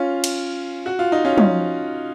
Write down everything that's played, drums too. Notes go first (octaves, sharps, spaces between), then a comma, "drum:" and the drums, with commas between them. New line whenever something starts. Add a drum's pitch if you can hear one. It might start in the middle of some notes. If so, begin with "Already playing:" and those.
Already playing: C#4 F4
drum: cymbal
F#4
F4
D#4
C#4 F4
drum: tom